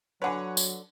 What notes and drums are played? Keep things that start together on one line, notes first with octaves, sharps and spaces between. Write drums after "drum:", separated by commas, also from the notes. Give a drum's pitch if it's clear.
D3 F#3 B4 C#5 F#5 G#5
drum: tambourine